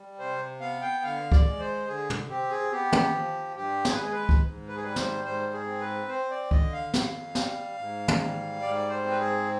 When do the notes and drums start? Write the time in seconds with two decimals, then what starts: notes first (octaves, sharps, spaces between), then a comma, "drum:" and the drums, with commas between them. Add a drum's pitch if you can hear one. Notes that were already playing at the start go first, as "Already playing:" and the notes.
Already playing: G3
0.19 C3 C5
0.61 B3 F5
0.82 G5
1.03 D3 F5
1.32 D5, drum: kick C#2
1.46 G#3
1.59 C5
1.87 D3 G#4
2.10 drum: tom
2.30 C4 G4
2.50 G#4
2.72 B3 G4
2.92 drum: tom
3.14 F3
3.56 G2 G4
3.85 G#4, drum: snare
3.93 B4
3.99 G#3 G#4
4.12 B4
4.29 drum: kick C#2
4.41 G#2
4.68 B4
4.76 G#4
4.82 G3 B4
4.96 C5, drum: snare
5.24 G#2 C5
5.53 G#4
5.67 C4
5.81 B4
6.08 C4 C5
6.30 D5
6.51 D3 D#5, drum: kick C#2
6.73 F5
6.94 F2, drum: snare
7.35 G3, drum: snare
7.78 G#2
8.08 drum: tom
8.19 G3
8.62 G#2 D5
8.89 C5
9.05 C4
9.10 B4
9.18 G#4